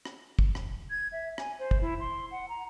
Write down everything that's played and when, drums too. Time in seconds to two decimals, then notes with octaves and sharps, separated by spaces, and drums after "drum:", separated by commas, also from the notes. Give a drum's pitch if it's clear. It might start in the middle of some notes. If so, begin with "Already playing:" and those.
0.05 drum: rim click
0.39 drum: kick
0.55 drum: rim click
0.90 G#6
1.12 E5
1.38 G#5, drum: rim click
1.59 C5
1.71 drum: kick
1.81 E4
2.00 C6
2.31 F#5
2.49 A#5